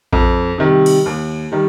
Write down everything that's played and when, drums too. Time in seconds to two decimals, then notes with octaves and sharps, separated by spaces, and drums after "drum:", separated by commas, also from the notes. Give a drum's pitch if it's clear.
0.13 F2, drum: kick A1
0.58 C3 D#3 G3
0.86 drum: cymbal
1.06 D#2
1.52 D#3 G3